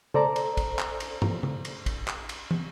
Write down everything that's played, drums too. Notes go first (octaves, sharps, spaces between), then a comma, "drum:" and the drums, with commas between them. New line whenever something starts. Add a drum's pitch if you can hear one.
A4 C5 D5 A#5, drum: tom C#3
drum: cymbal
drum: kick, cymbal
drum: clap
drum: cymbal
drum: tom
drum: tom C#3
drum: cymbal
drum: kick, cymbal
drum: clap
drum: cymbal
drum: tom